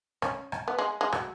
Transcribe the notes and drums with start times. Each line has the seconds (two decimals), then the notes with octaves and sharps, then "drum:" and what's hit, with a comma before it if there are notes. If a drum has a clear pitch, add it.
0.22 C#4, drum: rim click
0.52 drum: rim click
0.68 B3
0.79 G#3
1.01 G#3
1.13 F#3, drum: rim click